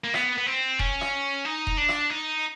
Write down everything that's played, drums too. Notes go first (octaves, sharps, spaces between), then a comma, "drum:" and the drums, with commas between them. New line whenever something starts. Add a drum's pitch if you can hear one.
A#3
B3, drum: rim click
B3
C4
C#4, drum: kick E1
drum: rim click
D#4
drum: kick E1
D4
drum: rim click
D#4